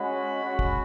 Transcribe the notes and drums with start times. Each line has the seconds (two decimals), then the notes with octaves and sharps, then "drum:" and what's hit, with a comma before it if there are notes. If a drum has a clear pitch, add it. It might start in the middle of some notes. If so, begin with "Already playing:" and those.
Already playing: G#3 C#4 F#4 B5
0.41 G#3 C#4 F#4
0.59 drum: kick